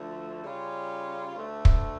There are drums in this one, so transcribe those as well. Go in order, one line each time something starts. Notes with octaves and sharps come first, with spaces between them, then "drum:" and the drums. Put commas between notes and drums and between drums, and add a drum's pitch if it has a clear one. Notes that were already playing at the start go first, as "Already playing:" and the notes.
Already playing: D2 D3 F3 A3
C#3 G3 C#4 F4
D2 D3 A3
drum: kick